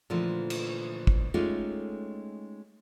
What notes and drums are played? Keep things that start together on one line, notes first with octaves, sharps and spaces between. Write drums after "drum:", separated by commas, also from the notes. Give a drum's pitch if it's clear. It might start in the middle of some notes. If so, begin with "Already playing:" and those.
A#2 D3 E3 F3 A3
drum: cymbal
drum: kick
G#3 A3 C#4 D#4 F4 G4